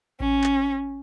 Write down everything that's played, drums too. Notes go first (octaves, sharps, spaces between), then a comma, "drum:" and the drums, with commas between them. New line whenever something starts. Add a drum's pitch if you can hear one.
C#4, drum: kick A1
drum: clap